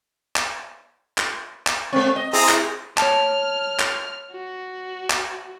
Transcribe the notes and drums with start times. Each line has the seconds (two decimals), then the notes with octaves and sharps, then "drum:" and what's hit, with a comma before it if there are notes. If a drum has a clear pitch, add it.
0.36 drum: clap
1.18 drum: clap
1.67 drum: clap
1.93 G#3 C4
2.16 D#5
2.33 C4 E4 G#4 D#5 A#5
2.49 drum: clap
2.98 C#5 A5 F6, drum: clap
3.80 drum: clap
4.32 F#4
5.10 drum: clap